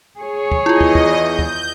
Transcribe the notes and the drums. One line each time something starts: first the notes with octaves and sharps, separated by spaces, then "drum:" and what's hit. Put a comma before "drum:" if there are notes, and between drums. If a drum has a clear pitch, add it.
G#4 C#5
drum: kick
E2 E4 F4 D#5
drum: kick
drum: kick
G6
drum: kick